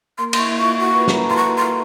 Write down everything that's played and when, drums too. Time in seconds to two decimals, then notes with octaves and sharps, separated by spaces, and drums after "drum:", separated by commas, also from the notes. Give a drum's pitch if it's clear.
0.18 A#3 A#4 C6
0.33 C6, drum: cymbal
0.38 E4 E5 C#6
0.59 F4 F5 C#6
0.78 F#4 F#5 C#6
0.93 B4 B5
1.08 A#4 A#5, drum: snare
1.23 A4 A5
1.30 C6
1.37 C#6
1.57 C6